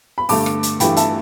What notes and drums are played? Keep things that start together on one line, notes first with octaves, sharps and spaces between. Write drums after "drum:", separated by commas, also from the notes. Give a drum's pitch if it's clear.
B5
G2 D3 A3 A5 D6, drum: open hi-hat
drum: rim click
drum: hi-hat
G2 E3 A3 G5 B5, drum: hi-hat
E5 A5, drum: hi-hat